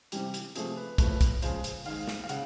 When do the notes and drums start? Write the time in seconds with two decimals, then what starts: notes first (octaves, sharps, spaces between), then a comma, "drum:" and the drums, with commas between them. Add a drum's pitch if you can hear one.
0.12 C3 E3 G3 G4, drum: hi-hat
0.34 drum: hi-hat
0.56 C3 F3 A3 G#4, drum: hi-hat
0.77 B4
0.98 A2 F3 A3 B4, drum: kick, hi-hat
1.21 drum: kick, hi-hat
1.42 C#3 F3 G#3 C5, drum: hi-hat
1.64 drum: hi-hat
1.85 D#3 G#3 F5, drum: open hi-hat
2.08 drum: snare
2.24 F5
2.29 C#3 F#5, drum: hi-hat